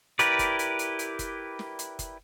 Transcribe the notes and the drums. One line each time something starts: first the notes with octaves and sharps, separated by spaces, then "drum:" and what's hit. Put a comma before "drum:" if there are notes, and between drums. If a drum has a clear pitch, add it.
E4 G4 A#4 B4 D5, drum: hi-hat
drum: kick F#1, hi-hat
drum: hi-hat
drum: hi-hat
drum: hi-hat
drum: kick F#1, hi-hat
drum: snare
drum: hi-hat
drum: kick F#1, hi-hat